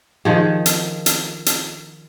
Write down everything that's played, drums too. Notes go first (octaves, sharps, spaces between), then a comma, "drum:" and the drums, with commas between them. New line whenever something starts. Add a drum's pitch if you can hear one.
D#3 F3 G#4
drum: hi-hat
drum: hi-hat
drum: hi-hat